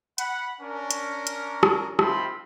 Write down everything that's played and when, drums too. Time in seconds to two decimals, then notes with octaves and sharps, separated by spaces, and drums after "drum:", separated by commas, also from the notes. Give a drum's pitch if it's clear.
0.18 F#5 B5, drum: hi-hat
0.61 C#4 D4 A#4
0.91 drum: hi-hat
1.27 drum: hi-hat
1.63 drum: rim click
1.99 D#3 C4 F4 E5 B5 C6, drum: rim click